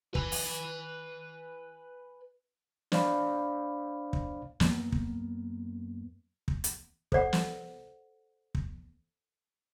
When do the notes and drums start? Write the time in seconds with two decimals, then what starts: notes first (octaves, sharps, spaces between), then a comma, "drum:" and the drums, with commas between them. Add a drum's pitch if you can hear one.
0.15 B4 G#5, drum: kick
0.32 drum: open hi-hat
2.92 D4 C5 D5 F5 B5, drum: snare
4.13 drum: kick
4.60 F#2 A#3 B3, drum: snare
4.92 drum: kick
6.48 drum: kick
6.64 drum: hi-hat
7.12 A4 C5 D5 F#5, drum: kick
7.33 drum: snare
8.55 drum: kick